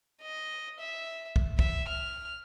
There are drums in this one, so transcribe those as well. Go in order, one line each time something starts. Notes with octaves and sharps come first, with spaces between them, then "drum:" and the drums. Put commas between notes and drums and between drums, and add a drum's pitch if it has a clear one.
D#5
E5
drum: kick
E5, drum: kick
F6